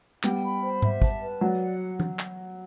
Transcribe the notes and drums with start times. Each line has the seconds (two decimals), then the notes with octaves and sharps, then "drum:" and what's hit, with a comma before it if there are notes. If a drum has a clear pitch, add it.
0.23 G3 B3 G5, drum: clap
0.44 B5
0.63 C5
0.82 E5, drum: tom G#2
1.02 A5, drum: kick
1.21 B4
1.41 F#3 D5
1.60 F#5
2.00 drum: tom E3
2.19 drum: clap